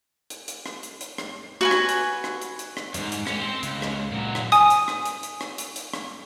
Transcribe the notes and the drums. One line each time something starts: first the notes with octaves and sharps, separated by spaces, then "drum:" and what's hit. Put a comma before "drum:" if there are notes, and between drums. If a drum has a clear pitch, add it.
drum: hi-hat
drum: hi-hat
drum: rim click
drum: hi-hat
drum: hi-hat
drum: rim click
F#4 B4 G#5
drum: rim click
drum: hi-hat
drum: rim click
drum: hi-hat
drum: hi-hat
drum: rim click
F2 G#2, drum: hi-hat
drum: hi-hat
C#4 G4, drum: rim click
C4 C5
C#2, drum: hi-hat
drum: rim click
A#2 F#3
drum: rim click
G#5 D#6, drum: hi-hat
drum: hi-hat
drum: rim click
drum: hi-hat
drum: hi-hat
drum: rim click
drum: hi-hat
drum: hi-hat
drum: rim click